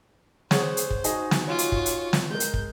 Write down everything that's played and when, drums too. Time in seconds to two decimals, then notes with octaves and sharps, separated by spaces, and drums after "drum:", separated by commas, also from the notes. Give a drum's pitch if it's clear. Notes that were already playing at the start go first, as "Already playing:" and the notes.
0.51 G#4 C5 C#5 F#5, drum: snare
0.77 drum: hi-hat
0.90 drum: kick
1.04 D#4 F#4 G#4 D#5, drum: hi-hat
1.31 drum: snare
1.46 F4 C#5
1.58 drum: hi-hat
1.72 drum: kick
1.86 drum: hi-hat
2.13 drum: snare
2.30 G#3 A#4 G6
2.40 drum: hi-hat
2.54 drum: kick